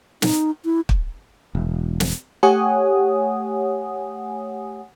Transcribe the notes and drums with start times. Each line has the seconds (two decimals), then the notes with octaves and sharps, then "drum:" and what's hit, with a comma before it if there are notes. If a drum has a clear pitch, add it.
0.22 D#4, drum: snare
0.65 E4
0.89 drum: kick
1.55 E1
2.00 drum: snare
2.43 A3 G4 C#5 F#5 G#5 D#6